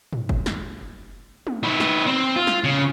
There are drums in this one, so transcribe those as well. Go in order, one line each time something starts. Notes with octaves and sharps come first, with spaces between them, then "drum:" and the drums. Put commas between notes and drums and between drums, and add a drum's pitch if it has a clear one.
drum: tom
drum: kick
drum: snare
drum: tom
D#3 B4
drum: snare
C4
F4
drum: snare
C#3